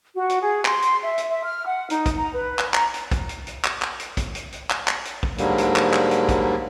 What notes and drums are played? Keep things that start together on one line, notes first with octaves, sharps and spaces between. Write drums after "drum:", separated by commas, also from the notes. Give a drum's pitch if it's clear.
F#4
drum: hi-hat
G#4
C6, drum: clap
drum: hi-hat
E5
drum: hi-hat
E5
F6
F#5
D#4, drum: hi-hat
drum: kick, hi-hat
A#5
B4
drum: clap
A#5, drum: clap
drum: hi-hat
drum: kick, hi-hat
drum: hi-hat
drum: hi-hat
drum: clap
drum: clap
drum: hi-hat
drum: kick, hi-hat
drum: hi-hat
drum: hi-hat
drum: clap
drum: clap
drum: hi-hat
drum: kick
G#2 D3 F#3 G3 A#3, drum: hi-hat
drum: hi-hat
drum: clap
drum: clap
drum: hi-hat
drum: kick, hi-hat